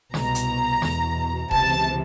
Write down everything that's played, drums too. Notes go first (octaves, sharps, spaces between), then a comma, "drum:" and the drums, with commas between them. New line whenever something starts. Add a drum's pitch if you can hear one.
C2 B2 A#5, drum: snare
drum: hi-hat
E2 B2, drum: snare
C#2 C3 E3 A5, drum: kick E1